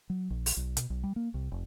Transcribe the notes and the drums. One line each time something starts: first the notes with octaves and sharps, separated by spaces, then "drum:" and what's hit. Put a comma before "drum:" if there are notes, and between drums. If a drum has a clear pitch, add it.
F#3
A#1
drum: open hi-hat
B1
B2, drum: hi-hat
B1
G3
A#3
C2
F1